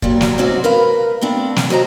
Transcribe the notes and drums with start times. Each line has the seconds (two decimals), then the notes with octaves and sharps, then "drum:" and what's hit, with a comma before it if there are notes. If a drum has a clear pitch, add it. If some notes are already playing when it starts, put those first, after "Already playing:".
0.02 A#2 F#3 G3, drum: kick
0.21 drum: snare
0.38 G#2 F#3 C4 C#4 F#4 D5
0.64 A#4 B4 F5
1.21 A3 B3 C4 D4
1.56 drum: snare
1.69 F#3 F#4 C5 D#5 A#5